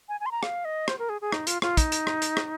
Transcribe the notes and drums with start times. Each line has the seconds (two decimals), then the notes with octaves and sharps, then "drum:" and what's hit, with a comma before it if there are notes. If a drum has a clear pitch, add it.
0.09 G#5
0.20 G#5
0.26 C6
0.31 A#5
0.43 F5, drum: rim click
0.65 D#5
0.88 C5, drum: rim click
0.99 A#4
1.09 G#4
1.21 G#4
1.32 D#4, drum: rim click
1.47 F4, drum: hi-hat
1.62 F4, drum: rim click
1.77 D#4, drum: kick, hi-hat
1.92 drum: hi-hat
2.07 drum: rim click
2.22 drum: hi-hat
2.37 drum: rim click